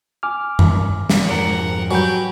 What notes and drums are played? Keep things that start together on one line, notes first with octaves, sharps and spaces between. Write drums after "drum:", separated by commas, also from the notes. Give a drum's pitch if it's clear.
G#5 D6 F6
drum: tom F#2
drum: snare
F2 G#2 G#3 A#4 F#5
F#3 G4 B4 G#5 G6